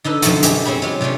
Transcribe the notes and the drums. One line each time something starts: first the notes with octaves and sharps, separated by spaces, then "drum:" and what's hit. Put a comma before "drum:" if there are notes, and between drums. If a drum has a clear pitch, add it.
D3 D#4 A4 B4
F#2 B2 F3 D#4 F4 F#4, drum: hi-hat
F#2 G4 G#4, drum: hi-hat
C4 C#4 G#4 B5
G#3 F4 G4
C3 G3 A3 C#4 D4